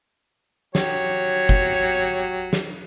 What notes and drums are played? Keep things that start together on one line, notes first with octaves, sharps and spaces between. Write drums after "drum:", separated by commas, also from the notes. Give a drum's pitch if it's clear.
F#3 G4 C#5, drum: snare
drum: kick
drum: snare